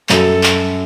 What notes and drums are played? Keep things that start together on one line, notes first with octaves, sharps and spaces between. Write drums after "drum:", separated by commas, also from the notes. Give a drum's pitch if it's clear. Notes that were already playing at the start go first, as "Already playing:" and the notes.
F#2 A4, drum: clap
drum: clap